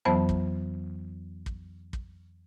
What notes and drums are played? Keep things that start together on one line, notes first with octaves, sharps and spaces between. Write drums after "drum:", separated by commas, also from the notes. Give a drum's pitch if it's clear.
F2 E3 F#3 B3 C5 A5
drum: kick
drum: kick
drum: kick